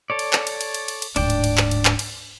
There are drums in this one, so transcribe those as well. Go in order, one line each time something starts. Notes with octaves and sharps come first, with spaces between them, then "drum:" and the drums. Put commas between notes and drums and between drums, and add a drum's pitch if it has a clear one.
A4 C#5 D5
drum: cymbal
drum: clap
drum: cymbal
drum: cymbal
drum: cymbal
drum: cymbal
drum: cymbal
D1 G#2 D4 D5 G5, drum: cymbal
drum: cymbal
drum: cymbal
drum: clap
drum: cymbal
drum: clap
drum: cymbal